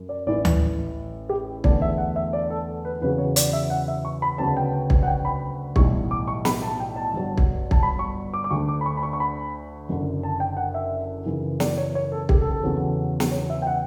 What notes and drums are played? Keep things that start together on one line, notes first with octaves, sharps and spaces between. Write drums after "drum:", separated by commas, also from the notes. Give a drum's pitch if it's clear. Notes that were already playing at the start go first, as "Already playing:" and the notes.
Already playing: F#2
D5
A1 A2 E3 D5
drum: tom D2
G4
E2 D3 A3 D5, drum: kick
E5
F#5
E5
D5
A4
B4
E2 C#3 F#3 B4
C#5
D5, drum: hi-hat
E5
F#5
E5
C#6
B5
D2 C#3 F#3 B3 A5
G5
drum: kick
F#5
G5
B5
B1 A2 E3 G3 C#6, drum: kick
D6
C#6
B5, drum: snare
A5
G5
A5
G1 G2 F#3
drum: kick
A5, drum: kick
B5
C#6
D6
D6
D2 D3 A3 C#6
D6
B5
C#6
B5
C#6
C#6
B5
F#1 F#2 D3
A5
G5
F#5
E5
F#2 C#3 E3
D5, drum: snare
C#5
C#5
A4
G4, drum: kick
A4
A4
E2 C#3 F#3
drum: snare
C#5
E5
G5
F#5